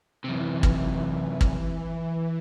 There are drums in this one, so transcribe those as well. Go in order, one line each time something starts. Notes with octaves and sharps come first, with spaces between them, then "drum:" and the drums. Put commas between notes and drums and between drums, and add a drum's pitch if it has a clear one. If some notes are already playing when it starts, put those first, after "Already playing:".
F#2 C3 E3
drum: kick
drum: kick